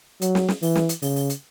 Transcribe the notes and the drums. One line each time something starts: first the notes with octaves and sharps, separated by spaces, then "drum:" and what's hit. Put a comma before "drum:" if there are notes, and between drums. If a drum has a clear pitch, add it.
F#3, drum: hi-hat
drum: snare
drum: snare
E3, drum: open hi-hat
drum: snare
drum: hi-hat
C#3, drum: open hi-hat
drum: open hi-hat
drum: hi-hat